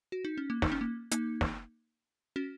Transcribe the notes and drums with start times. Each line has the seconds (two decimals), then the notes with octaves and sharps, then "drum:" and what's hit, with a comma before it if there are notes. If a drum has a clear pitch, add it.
0.12 F#4
0.25 D#4
0.38 C#4
0.50 A#3
0.62 D#4, drum: snare
0.72 C#4
0.81 A#3
1.11 A#3 D#4, drum: hi-hat
1.41 drum: snare
2.36 C#4 F#4